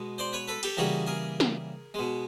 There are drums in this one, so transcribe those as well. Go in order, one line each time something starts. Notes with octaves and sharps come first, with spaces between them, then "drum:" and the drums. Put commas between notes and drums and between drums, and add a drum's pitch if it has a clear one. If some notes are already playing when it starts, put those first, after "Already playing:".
Already playing: B2 G#3
C5 D5
B4 C#5
A4 B4
G4 A4, drum: cymbal
C#3 E3 G3 A#3 F#4 G#4
G#4 A#4
drum: snare
B2 G#3